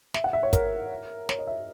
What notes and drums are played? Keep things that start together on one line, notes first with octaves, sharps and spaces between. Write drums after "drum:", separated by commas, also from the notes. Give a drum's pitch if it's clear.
E5, drum: snare
F#5
E5
C#5
A#4, drum: kick, hi-hat
C#5, drum: snare
D#5
E5